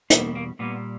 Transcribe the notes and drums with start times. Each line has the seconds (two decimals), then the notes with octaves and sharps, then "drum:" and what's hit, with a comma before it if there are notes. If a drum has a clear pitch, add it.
0.10 E2 B2 G3 A#3 B3, drum: hi-hat
0.35 A#3
0.59 A#2 G3 A#3 B3